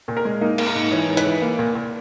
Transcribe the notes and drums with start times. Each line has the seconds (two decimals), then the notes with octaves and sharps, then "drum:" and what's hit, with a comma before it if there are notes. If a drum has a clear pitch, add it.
0.08 A#2
0.17 A#4
0.25 G#3
0.41 A#3 D#4
0.58 A#3, drum: cymbal
0.67 A#4
0.75 G#2
0.91 E3 C#5
1.08 G#2
1.17 B4, drum: hi-hat
1.25 E3
1.42 A#3
1.59 A#2
1.75 A#2